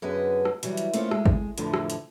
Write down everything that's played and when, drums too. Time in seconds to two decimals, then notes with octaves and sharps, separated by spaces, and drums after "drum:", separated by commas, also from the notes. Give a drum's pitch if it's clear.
0.02 F#2 D3 B3 G#4 B4 D#5
0.45 drum: rim click
0.63 E3 F#3 G3, drum: hi-hat
0.77 drum: hi-hat
0.94 A3 A#3 C4 C#4 F4, drum: hi-hat
1.11 G#3, drum: rim click
1.26 drum: kick G#1
1.58 F2 A2 D3 E3 F3, drum: hi-hat
1.74 drum: rim click
1.90 drum: hi-hat